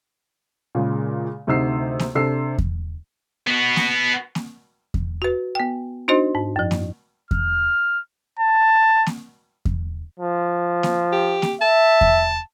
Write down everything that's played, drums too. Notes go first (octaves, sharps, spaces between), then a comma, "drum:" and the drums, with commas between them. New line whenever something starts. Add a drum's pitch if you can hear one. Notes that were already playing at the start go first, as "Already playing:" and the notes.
A#2 C#3 G#3
D2 C3 D#4 E6 C7
drum: snare A#3
C3 D4 A4 E6 C7
drum: kick E2
B3 F#4
drum: snare A#3
drum: snare A#3
drum: kick E2
F#4 B4
B3 G5
D4 D#4 F#4 C5 D#5
G#2
F#2 F3
drum: snare A#3
F6, drum: kick E2
A5
drum: snare A#3
drum: kick E2
F3
drum: snare A#3
G4
drum: snare A#3
E5 A5
drum: kick E2